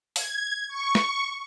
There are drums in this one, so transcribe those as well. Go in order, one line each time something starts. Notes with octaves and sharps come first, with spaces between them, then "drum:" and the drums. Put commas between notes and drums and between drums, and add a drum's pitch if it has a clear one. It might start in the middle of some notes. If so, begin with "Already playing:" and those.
G#6, drum: open hi-hat
C#6
drum: snare